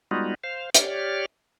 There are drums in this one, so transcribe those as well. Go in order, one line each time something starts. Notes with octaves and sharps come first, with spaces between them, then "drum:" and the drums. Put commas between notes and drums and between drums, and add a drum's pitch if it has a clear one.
G3 G#3 B3 D#4 F4 F#4
C5 F5
G4 C#5 D5 F6, drum: hi-hat